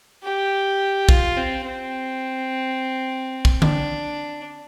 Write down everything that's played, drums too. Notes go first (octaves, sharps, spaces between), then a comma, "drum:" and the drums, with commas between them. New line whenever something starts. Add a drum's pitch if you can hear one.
G4
F4, drum: kick A#1
C4
C4
drum: kick A#1
D4, drum: tom D3